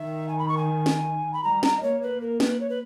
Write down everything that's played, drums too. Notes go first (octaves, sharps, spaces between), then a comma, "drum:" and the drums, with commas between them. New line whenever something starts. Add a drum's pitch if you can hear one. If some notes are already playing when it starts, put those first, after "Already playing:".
Already playing: D#3 E5
G#5
B5
C#6
G#5
drum: snare
B5
G3 A#5
A#5, drum: snare
D#5
A#3 C#5
B4
A#4
B4, drum: snare
C#5
B4